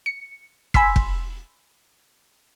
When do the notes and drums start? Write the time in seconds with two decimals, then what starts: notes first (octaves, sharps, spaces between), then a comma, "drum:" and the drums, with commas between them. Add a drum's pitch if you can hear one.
0.06 C#7
0.74 G#5 B5 C6 E6 B6, drum: kick
0.96 drum: kick